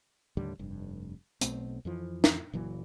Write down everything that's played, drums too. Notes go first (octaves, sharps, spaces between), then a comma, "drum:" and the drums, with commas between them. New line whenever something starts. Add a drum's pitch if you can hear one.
D#2 A2 D3 G3
F1 G2
B1 B2 A3 C4, drum: hi-hat
F2 E3 F3
drum: snare
F#1 A#2 E3 F#3